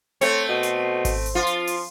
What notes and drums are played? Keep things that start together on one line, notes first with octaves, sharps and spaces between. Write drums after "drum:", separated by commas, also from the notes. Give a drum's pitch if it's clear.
A3 C4 C#5, drum: hi-hat
B2
drum: hi-hat
drum: kick G#1, open hi-hat
drum: hi-hat
F3 F4
drum: hi-hat
drum: open hi-hat